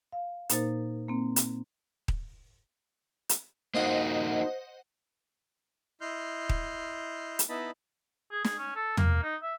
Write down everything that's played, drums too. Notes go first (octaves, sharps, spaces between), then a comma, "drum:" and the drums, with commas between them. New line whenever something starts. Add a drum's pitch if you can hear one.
F5
A#2 A#3 D#4 A#4 C5 A6, drum: hi-hat
A#3 C4
drum: hi-hat
drum: kick D#1
drum: hi-hat
A#3 D#4 F#4 C5 D#5 F#5
E4 D#5 C6 F6 G6
drum: kick D#1
drum: hi-hat
B3 D#4 E4 D#5 A5 B5
G#4
G#4, drum: snare
C#4
A4
A#3, drum: tom
D#4
E5